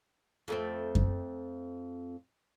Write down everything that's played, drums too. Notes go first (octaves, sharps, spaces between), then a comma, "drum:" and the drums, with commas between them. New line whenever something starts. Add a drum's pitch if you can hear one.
F2 A3 C4
drum: kick F#2